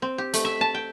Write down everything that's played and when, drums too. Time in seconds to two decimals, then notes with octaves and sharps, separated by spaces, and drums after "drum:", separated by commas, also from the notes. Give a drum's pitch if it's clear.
0.02 C4
0.18 G4
0.33 A3, drum: hi-hat
0.45 E5
0.61 A5
0.75 G5